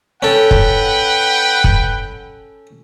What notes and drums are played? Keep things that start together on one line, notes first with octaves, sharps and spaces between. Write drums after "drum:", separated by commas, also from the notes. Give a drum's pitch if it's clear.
C#4 A4 B4 F#5 G5
drum: kick
drum: kick